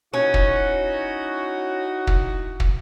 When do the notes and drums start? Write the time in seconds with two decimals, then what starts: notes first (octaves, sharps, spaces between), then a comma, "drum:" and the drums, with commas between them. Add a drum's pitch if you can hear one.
0.14 C#4 D#4 E4 F#4
0.34 drum: kick
2.07 drum: kick
2.60 drum: kick